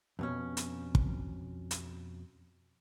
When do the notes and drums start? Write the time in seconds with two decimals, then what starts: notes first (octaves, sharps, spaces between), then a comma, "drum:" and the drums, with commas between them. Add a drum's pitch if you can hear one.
0.19 F2 B2 C#4
0.57 drum: hi-hat
0.95 drum: kick
1.71 drum: hi-hat